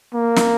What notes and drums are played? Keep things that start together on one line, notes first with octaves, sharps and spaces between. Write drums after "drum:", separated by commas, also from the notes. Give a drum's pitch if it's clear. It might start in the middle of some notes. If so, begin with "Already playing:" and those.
A#3
drum: snare